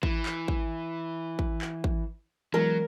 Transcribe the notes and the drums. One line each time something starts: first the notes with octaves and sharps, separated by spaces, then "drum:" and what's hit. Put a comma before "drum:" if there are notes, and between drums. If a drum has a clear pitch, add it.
E3, drum: kick
drum: clap
drum: kick
drum: kick
drum: clap
drum: kick
E3 F#3 G#3 B3 A#4